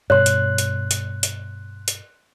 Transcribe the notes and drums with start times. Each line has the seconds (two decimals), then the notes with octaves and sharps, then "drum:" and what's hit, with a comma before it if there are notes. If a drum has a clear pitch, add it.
0.10 G2 B2 C#5 C6 F#6
0.26 drum: hi-hat
0.58 drum: hi-hat
0.91 drum: hi-hat
1.23 drum: hi-hat
1.88 drum: hi-hat